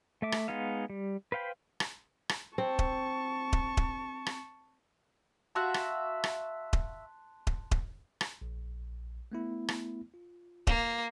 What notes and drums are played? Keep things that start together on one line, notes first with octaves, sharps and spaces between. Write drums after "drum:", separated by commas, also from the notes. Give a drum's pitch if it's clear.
A3 E5 D6
drum: rim click
G#3 B3 D#4 F5
G3
B4 C5 F5 G5 B5
drum: rim click
drum: rim click
C4 A5 C#6
drum: kick D#1
drum: kick D#1
drum: kick D#1
drum: rim click
F#4 E5 F5 A5 C6 F#6
drum: rim click
drum: rim click
drum: kick D#1
drum: kick D#1
drum: kick D#1
drum: rim click
A#1
A3 B3 E4
drum: rim click
F4
A#3, drum: kick D#1